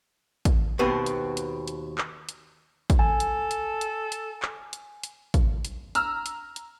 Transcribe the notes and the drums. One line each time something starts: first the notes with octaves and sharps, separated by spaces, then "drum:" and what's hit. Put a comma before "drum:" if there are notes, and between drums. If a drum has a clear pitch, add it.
drum: kick, hi-hat
D#2 B2 B3 C4
drum: hi-hat
drum: hi-hat
drum: hi-hat
drum: clap
drum: hi-hat
drum: kick, hi-hat
A4 G#5
drum: hi-hat
drum: hi-hat
drum: hi-hat
drum: hi-hat
drum: clap
drum: hi-hat
drum: hi-hat
drum: kick, hi-hat
drum: hi-hat
A#5 E6 F6, drum: hi-hat
drum: hi-hat
drum: hi-hat